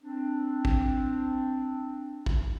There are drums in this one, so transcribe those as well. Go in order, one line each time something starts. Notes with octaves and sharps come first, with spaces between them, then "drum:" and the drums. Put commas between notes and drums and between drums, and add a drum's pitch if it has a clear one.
C4 D4
drum: kick
drum: kick